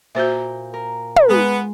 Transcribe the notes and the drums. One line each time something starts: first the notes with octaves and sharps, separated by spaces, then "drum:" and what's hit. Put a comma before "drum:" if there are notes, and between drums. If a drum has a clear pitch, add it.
A#2 F#4 A#4 C5 E5 G6
A#4
drum: tom
G#3 B3